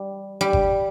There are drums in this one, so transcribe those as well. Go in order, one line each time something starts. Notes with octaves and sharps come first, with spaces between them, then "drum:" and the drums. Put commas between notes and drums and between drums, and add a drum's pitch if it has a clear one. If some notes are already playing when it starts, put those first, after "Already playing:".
Already playing: G3
G3
drum: kick G1